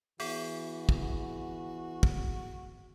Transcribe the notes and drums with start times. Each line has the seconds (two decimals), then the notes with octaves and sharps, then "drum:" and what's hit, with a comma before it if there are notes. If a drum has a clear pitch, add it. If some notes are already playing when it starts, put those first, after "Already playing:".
0.20 E3 B3 F#4 G#4, drum: open hi-hat
0.89 drum: kick
2.03 drum: kick